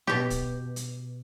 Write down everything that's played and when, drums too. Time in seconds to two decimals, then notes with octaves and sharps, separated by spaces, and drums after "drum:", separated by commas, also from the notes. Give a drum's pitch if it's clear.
0.07 B2 G4, drum: snare
0.30 drum: kick, hi-hat
0.76 drum: hi-hat